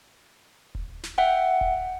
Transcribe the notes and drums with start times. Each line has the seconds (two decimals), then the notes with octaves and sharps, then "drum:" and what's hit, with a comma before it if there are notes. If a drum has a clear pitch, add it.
0.75 drum: kick D#1
1.03 drum: snare
1.18 E5 F#5 G5
1.61 drum: kick D#1